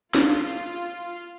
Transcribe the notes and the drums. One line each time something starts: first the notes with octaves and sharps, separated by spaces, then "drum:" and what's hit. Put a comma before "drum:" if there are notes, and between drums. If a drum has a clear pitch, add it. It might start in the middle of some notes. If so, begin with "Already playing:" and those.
F4, drum: snare